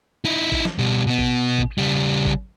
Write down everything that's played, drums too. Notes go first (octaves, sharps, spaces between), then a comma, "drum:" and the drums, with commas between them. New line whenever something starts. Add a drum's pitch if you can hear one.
D#4 E4
drum: kick G#1
drum: snare
B2 G3
B2 B3
drum: kick G#1
drum: kick G#1
C#3 G3
drum: kick G#1